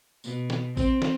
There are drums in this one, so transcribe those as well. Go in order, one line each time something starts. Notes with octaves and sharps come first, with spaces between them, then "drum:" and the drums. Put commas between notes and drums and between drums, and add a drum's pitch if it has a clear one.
B2, drum: tambourine
drum: snare
C4, drum: kick A1, tambourine
drum: snare